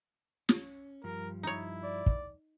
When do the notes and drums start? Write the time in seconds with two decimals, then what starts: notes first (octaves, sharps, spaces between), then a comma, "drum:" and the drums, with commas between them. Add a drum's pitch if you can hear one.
0.49 C#4, drum: snare
1.04 G2 F3 G3 A#4
1.43 D#4 E4 C#5
1.83 D5
2.06 drum: kick